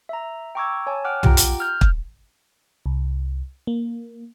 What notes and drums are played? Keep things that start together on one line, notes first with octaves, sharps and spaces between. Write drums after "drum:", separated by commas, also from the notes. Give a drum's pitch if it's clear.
E5 A#5
G5 A#5 C#6 D6 E6 G#6
C#5 G#5 A5
F#5 G5 D6 F6 F#6
F4 G4 F#5 G5 A#5, drum: tom
drum: hi-hat
F6 G6
drum: kick
C2
A#3